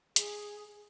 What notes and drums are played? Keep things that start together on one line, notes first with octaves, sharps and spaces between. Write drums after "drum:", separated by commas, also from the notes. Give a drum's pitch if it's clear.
G#4, drum: hi-hat